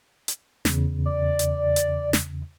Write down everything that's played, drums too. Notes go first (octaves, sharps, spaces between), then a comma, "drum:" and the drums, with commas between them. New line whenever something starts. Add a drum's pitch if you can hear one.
drum: hi-hat
E2 C#3, drum: snare
D5
drum: hi-hat
drum: hi-hat
drum: snare